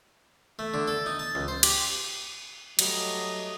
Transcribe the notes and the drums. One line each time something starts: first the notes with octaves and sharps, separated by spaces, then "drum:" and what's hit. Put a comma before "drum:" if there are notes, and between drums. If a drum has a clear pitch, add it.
A3
D3
A4
D#4
A5
C#2
C5
G4, drum: cymbal
F#3 G3 A3 D#5, drum: cymbal